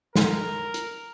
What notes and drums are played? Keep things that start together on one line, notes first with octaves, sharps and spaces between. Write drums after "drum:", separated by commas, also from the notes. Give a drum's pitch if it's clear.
A#4, drum: snare
drum: hi-hat